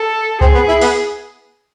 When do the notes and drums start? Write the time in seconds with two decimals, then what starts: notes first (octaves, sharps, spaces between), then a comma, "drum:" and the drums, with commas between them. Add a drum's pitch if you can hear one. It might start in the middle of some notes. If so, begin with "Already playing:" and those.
Already playing: A4
0.41 C4 G#4, drum: kick C2
0.54 B3
0.68 E4
0.81 B3, drum: open hi-hat